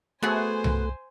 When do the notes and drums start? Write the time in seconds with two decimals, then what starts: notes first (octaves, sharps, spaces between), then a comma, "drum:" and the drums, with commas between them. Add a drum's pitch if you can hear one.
0.23 A3 B3 F#4 G#4 C5 G#5
0.64 drum: tom C2